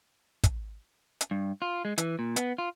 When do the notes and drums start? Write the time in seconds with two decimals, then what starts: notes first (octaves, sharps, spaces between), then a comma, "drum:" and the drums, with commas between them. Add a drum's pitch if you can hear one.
0.44 drum: kick, hi-hat
1.21 drum: hi-hat
1.31 G2
1.62 F4
1.85 G#3
1.98 E3, drum: hi-hat
2.19 A#2
2.36 B3, drum: hi-hat
2.58 F4